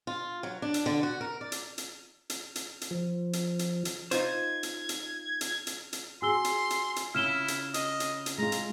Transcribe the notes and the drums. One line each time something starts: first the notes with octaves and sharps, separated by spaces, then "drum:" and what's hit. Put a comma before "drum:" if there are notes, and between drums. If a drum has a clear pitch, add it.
F4
F#3
D4
drum: hi-hat
D3
F#4
A#4
D5
drum: hi-hat
drum: hi-hat
drum: hi-hat
drum: hi-hat
drum: hi-hat
F3
drum: hi-hat
drum: hi-hat
drum: hi-hat
D#4 F4 C5 G#6, drum: hi-hat
drum: hi-hat
drum: hi-hat
drum: hi-hat
drum: hi-hat
drum: hi-hat
F#4 G#4 G#5 C6 E6 G7
drum: hi-hat
drum: hi-hat
drum: hi-hat
C#3 E4 F4 F6 E7 G7
drum: hi-hat
D#5, drum: hi-hat
drum: hi-hat
drum: hi-hat
G#3 F4 A#5
drum: hi-hat